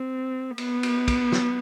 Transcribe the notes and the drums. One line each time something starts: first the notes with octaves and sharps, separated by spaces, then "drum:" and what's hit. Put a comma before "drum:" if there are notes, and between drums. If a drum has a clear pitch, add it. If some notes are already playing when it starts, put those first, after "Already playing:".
Already playing: C4
B3, drum: cymbal
drum: cymbal
drum: kick, cymbal
drum: snare